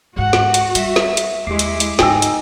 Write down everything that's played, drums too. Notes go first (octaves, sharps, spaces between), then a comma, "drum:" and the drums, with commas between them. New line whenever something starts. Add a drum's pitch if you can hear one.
D#2 G#2 F#4 F#5
drum: snare
drum: hi-hat
G3 E5, drum: hi-hat
drum: snare
drum: hi-hat
D#2 G#3 E4 G4 D6 C7
drum: hi-hat
drum: hi-hat
G#2 D3 D#4 G5 G#5 E6, drum: snare
drum: hi-hat